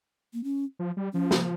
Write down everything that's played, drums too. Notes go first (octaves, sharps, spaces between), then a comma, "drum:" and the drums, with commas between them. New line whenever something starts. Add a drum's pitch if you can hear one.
A#3
C#4
F3
G3
F3 C#4
drum: snare